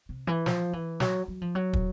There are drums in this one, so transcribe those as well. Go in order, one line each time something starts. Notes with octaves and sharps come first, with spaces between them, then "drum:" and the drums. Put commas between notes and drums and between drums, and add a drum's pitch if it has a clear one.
C3
E3
F3, drum: snare
E3
F#3, drum: snare
F#3
F3
F#3
drum: kick